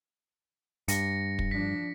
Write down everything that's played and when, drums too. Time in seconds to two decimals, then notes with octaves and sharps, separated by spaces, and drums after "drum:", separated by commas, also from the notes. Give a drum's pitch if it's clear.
0.88 G2 A#6 C#7, drum: hi-hat
1.39 drum: kick
1.51 F3 D4 B6